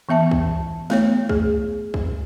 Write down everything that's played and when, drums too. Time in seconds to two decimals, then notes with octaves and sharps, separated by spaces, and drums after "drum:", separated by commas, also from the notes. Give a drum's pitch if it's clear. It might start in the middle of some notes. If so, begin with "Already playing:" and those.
0.09 E3 B3 E5 A5
0.31 drum: kick B1
0.90 A3 B3 C#5, drum: snare
1.29 G#4, drum: kick B1
1.94 drum: kick B1